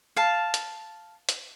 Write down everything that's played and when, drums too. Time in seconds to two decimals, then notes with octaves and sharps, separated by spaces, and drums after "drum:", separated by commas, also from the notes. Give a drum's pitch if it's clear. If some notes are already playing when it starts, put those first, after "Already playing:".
0.16 F5 A5
0.54 drum: hi-hat
1.29 drum: hi-hat